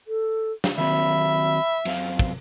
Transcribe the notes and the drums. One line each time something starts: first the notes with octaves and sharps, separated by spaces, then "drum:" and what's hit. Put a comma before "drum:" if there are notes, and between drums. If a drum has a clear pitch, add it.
A4
drum: snare
D#3 F#3 C4 E5 B5
F#2 C4 F5, drum: cymbal
drum: kick